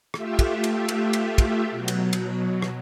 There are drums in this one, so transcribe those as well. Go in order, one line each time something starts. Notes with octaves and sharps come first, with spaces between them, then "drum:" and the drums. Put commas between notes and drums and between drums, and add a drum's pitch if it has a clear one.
A3 F4 G4 E5, drum: rim click
drum: kick, cymbal
drum: cymbal
drum: cymbal
drum: cymbal
drum: kick, cymbal
B2 F#3
drum: cymbal
drum: cymbal
drum: rim click